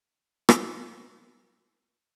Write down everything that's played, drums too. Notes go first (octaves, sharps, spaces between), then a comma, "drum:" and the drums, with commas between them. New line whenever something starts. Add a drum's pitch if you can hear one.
D#6 E6 C#7 D#7 F#7
drum: rim click
D#6 F#6 C7 F#7